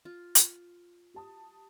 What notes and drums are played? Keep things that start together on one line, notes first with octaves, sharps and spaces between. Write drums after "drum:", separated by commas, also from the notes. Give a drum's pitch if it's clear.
F4
drum: hi-hat
G4 A5 D#6